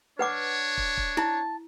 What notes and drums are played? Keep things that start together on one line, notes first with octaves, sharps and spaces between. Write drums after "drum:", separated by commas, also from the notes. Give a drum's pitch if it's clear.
D4 B4 C#5 F#5 D6
drum: kick
drum: kick
E4 A5